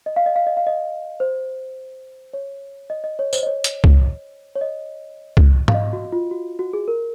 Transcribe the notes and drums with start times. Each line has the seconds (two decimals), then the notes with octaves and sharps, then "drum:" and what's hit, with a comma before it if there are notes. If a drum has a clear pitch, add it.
0.06 D#5
0.16 F5
0.26 D#5
0.36 F5
0.47 D#5
0.57 F5
0.67 D#5
1.20 C5
2.33 C#5
2.90 D#5
3.04 D#5
3.19 C#5
3.33 C5, drum: tambourine
3.43 D#5
3.47 C#5
3.64 drum: hi-hat
3.84 drum: kick
4.55 C#5
4.61 D#5
5.37 drum: kick
5.68 F5, drum: tom G#2
5.74 D#5
5.93 F#4
6.12 F4
6.31 F#4
6.59 F#4
6.73 G#4
6.88 A#4